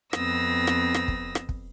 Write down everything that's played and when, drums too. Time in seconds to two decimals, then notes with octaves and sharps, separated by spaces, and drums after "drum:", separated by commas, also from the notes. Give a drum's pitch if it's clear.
0.13 F2 B3 C4 D#6 E6 A#6, drum: rim click
0.67 drum: rim click
0.94 drum: rim click
1.08 drum: kick
1.35 drum: rim click
1.49 drum: kick